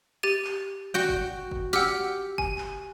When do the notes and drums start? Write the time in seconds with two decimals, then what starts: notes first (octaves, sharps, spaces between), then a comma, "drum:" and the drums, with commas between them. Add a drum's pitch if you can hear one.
0.23 G4 A6 D#7
0.45 drum: clap
0.94 F#4 G5
1.09 drum: kick F#1
1.51 drum: kick F#1
1.73 G4 F#5 E6 F6
2.38 G#5, drum: kick F#1
2.58 drum: clap